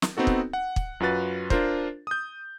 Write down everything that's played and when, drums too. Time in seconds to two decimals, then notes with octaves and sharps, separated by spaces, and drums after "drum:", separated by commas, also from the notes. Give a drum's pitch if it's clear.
0.02 drum: snare
0.17 B3 C4 D#4 F#4 A4
0.27 drum: kick
0.53 F#5
0.76 drum: kick
1.00 F#2 F4 F#4 B4 A6
1.50 D4 F4 A#4 C5, drum: kick
2.07 D#6 G6